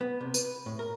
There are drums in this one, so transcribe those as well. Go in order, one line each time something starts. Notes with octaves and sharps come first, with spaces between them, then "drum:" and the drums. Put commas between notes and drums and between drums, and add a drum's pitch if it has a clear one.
B3
C3
B4, drum: tambourine
A2
A#4